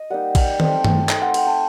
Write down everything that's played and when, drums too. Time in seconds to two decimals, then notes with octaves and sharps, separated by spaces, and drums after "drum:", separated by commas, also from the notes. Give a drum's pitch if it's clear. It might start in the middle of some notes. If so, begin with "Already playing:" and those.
Already playing: D#5
0.10 G3 A#3 D#4 F#5
0.35 G5, drum: kick A#1, cymbal
0.60 A3 C4 D#4, drum: tom D#3
0.84 drum: tom
1.09 A3 C4 D#4 C6, drum: clap
1.22 F#5
1.34 G5, drum: cymbal
1.47 A5